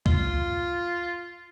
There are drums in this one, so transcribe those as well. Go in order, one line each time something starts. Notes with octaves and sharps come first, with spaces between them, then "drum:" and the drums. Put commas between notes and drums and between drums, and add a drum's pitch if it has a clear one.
F4, drum: kick C#2